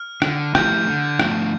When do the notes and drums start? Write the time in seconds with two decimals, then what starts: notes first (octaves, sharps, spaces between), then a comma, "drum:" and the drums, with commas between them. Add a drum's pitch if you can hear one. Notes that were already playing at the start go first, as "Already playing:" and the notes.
Already playing: F6
0.22 D3, drum: rim click
0.55 F3 A3 E4 G4 G6, drum: rim click
0.87 D3
1.19 F3 A3 D4, drum: rim click